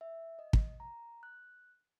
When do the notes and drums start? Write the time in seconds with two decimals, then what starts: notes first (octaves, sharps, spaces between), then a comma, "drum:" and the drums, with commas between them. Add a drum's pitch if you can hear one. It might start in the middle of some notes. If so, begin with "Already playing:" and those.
0.01 E5
0.39 D#5
0.53 drum: kick
0.80 A#5
1.23 F#6